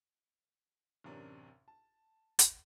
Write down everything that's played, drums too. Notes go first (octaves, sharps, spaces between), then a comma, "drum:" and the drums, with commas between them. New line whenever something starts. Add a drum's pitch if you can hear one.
A1 F#2 C3 D4 A#4 C#5
A5
drum: hi-hat